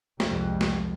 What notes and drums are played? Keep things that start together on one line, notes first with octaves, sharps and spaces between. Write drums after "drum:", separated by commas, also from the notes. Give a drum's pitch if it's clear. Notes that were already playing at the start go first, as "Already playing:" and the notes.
C2 F2 G3 G#3, drum: snare
drum: snare